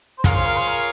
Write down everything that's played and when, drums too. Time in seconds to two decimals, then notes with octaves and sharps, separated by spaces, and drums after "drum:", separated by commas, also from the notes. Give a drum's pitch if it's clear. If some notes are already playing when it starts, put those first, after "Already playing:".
0.18 C5
0.24 F4 G#4 A#4 C#5 F5, drum: kick, hi-hat
0.35 C5
0.46 A#4
0.57 C5
0.68 A#4